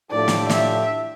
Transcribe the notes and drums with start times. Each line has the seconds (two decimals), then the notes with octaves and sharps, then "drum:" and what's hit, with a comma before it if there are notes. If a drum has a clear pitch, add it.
0.11 A2 F3 A3 D4 G4 D5
0.28 drum: snare
0.50 E5, drum: snare